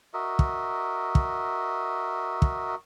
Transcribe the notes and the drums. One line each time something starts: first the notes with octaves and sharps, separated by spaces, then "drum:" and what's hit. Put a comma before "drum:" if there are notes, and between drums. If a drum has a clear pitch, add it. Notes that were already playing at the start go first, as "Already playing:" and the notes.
F#4 A#4 D#5 E5
drum: kick
drum: kick
drum: kick